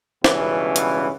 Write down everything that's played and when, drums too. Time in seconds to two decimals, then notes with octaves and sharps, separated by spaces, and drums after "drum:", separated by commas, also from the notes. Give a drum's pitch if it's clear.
0.24 C#2 G2 B2 E3 B3 C#4, drum: snare
0.76 drum: hi-hat